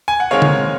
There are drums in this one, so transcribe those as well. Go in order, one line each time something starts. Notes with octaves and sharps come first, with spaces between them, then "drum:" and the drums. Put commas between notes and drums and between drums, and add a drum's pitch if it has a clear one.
G#5
F#5
D#3 G#3 C4 C#5 F5
drum: tom D3